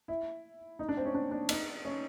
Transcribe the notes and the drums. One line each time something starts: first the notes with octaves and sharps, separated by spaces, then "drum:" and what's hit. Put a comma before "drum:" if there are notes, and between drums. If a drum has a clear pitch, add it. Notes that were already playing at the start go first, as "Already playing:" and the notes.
E4
D#4
D4
C4
C#4
D4
D4
D#4, drum: cymbal
C#4